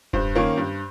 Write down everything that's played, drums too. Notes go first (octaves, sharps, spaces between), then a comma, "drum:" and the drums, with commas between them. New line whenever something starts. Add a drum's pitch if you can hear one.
G2 C5, drum: kick E1
D#3 A#3 C#4
G2